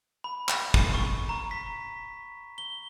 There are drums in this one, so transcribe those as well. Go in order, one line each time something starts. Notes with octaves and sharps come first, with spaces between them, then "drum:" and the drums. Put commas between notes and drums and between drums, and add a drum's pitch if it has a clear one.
B5
drum: clap
drum: kick
C#6
A#5
B6
G7